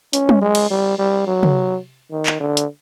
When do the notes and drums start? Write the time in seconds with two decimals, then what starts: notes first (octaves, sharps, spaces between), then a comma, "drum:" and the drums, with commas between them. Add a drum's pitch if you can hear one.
0.13 C#4, drum: hi-hat
0.29 drum: tom
0.42 G#3
0.55 drum: cymbal
0.70 G3
0.99 G3
1.27 F#3
1.43 drum: tom
2.12 D#3
2.26 drum: clap
2.40 D3
2.57 drum: hi-hat